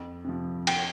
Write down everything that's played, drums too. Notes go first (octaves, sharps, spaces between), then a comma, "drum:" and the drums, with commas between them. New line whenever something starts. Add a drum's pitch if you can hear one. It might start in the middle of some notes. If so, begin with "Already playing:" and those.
Already playing: F2
C3 F3
G5, drum: cymbal